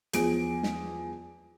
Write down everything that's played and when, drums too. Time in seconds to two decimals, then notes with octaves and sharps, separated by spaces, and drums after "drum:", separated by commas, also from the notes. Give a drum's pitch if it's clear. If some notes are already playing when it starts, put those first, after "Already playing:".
0.13 E2 F3 G#4 D7, drum: hi-hat
0.63 drum: snare